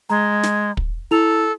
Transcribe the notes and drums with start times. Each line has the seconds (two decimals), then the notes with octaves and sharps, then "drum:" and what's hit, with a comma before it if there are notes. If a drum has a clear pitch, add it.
0.10 G#3 A#5
0.43 drum: snare
0.77 drum: kick
1.11 E4 A4 F7